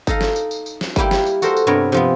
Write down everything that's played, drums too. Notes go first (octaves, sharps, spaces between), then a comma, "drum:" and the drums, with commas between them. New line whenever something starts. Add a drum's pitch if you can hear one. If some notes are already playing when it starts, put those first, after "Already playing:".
D#4 A4 D#5 F5, drum: kick G1, tambourine
drum: snare
drum: tambourine
drum: tambourine
drum: tambourine
drum: snare
G3 A#3 E4 G4, drum: kick G1, tambourine
drum: snare
drum: tambourine
F#4 A4 A#4 C5, drum: tambourine
drum: tambourine
G2 C3 B3 A#4 C#5 D5
C3 F3 B3